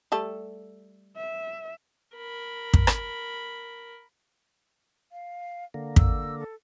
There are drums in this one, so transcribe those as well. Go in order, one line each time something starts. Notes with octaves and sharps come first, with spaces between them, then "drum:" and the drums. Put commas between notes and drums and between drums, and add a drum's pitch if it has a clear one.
G3 A3 A4
E5
A#4 B5
drum: kick
drum: rim click
F5
D3 A#3
E6, drum: kick
A4